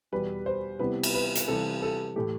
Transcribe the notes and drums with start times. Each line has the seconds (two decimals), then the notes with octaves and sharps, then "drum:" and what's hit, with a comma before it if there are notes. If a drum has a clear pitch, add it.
0.12 E2 B2 G3 B4
0.46 C5
0.79 C3 G3 B3 E4 B4
1.03 drum: cymbal
1.14 B4
1.35 drum: hi-hat
1.48 C3 E3 G3 A4
1.82 A4
2.16 A2 E3 A3 G4